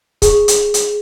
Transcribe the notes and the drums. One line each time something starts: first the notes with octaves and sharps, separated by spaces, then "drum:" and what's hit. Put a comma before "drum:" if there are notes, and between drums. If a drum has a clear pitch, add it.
G#4, drum: kick C#1, hi-hat
drum: hi-hat
drum: hi-hat